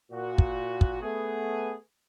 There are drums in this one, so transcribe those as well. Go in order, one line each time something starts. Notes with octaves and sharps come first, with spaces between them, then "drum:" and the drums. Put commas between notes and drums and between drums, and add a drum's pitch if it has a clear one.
A#2 F#4
drum: kick
drum: kick
A3 B3 G#4